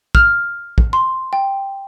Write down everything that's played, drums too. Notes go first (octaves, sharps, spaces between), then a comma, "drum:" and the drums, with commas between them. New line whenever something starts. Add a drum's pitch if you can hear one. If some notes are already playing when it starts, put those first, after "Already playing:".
F6, drum: kick
drum: kick
C6
G5